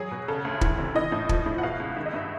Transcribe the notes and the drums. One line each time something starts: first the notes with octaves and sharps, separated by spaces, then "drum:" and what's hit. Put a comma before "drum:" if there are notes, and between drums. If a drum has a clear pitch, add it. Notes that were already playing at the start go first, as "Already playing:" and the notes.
Already playing: F#3 G#4
B2
C#3 A4
D2
E3, drum: kick
C3
E3 D#5
A2
F3, drum: kick
A2
F#5
B2 F5
C#2
D#3 E5
D#5
G2 E5